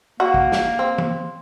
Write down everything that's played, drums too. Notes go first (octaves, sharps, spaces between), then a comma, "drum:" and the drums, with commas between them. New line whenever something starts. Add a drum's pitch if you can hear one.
A#3 F#4
drum: kick
drum: snare
C4
drum: tom